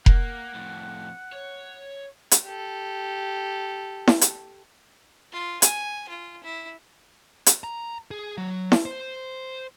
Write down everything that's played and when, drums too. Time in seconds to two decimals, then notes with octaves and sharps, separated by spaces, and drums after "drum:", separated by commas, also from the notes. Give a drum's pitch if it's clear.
0.06 A#3 F#5, drum: kick F1
0.54 F2 A2
1.32 C#5
2.31 drum: hi-hat
2.44 G4 A4
4.07 drum: snare E4
4.21 drum: hi-hat
5.32 F4
5.62 G#5, drum: hi-hat
6.09 F4
6.43 E4
7.46 drum: hi-hat
7.64 A#5
8.11 G#4
8.38 F#3
8.72 drum: snare E4
8.85 C5